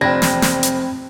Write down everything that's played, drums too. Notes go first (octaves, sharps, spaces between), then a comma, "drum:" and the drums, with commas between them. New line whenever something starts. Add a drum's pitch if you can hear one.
F1 C4 D4 G5 B5 G#6 A#6
drum: snare
drum: snare
drum: hi-hat